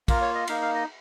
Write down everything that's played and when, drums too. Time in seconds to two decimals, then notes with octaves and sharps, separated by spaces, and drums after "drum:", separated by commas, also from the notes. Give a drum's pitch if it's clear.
0.08 A#3 F4 A#4, drum: kick, cymbal
0.21 C#5
0.35 D#5
0.48 A#3 D#4 F5, drum: cymbal
0.62 F5
0.74 D#5